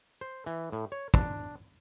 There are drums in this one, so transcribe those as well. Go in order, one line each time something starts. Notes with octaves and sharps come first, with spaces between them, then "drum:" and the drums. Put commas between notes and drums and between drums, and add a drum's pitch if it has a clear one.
C5
E3
A2
C#5
D4, drum: kick